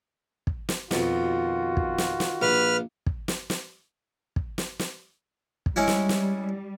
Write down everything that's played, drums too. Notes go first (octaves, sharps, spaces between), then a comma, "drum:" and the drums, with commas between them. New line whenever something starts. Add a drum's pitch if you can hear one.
drum: kick
drum: snare
F2 B2 D#3 F4 F#4, drum: snare
drum: kick
drum: snare
drum: snare
A#1 B4 F5 F6
drum: kick
drum: snare
drum: snare
drum: kick
drum: snare
drum: snare
drum: kick
G3 G#3 C#4 E4
drum: snare
drum: snare